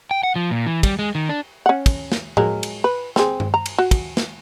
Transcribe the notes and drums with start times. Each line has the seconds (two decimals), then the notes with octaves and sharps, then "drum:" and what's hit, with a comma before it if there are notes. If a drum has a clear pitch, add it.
0.11 G5
0.23 F#5
0.36 F3
0.51 A#2
0.66 E3
0.83 G3, drum: kick, cymbal
0.99 G#3
1.15 D#3
1.29 D4
1.66 C#4 F#5
1.86 drum: kick, cymbal
2.12 drum: snare
2.37 F#3 G#3 A#4, drum: tom A2
2.63 drum: cymbal
2.84 B4
3.16 C4 G#4, drum: snare
3.40 drum: tom G2
3.54 A#5
3.66 drum: cymbal
3.78 F#4
3.91 drum: kick, cymbal
4.17 drum: snare